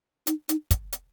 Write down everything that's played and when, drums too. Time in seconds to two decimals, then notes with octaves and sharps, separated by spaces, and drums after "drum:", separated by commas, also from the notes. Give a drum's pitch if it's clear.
0.27 D#4, drum: hi-hat
0.49 D#4, drum: hi-hat
0.71 drum: kick, hi-hat
0.93 drum: hi-hat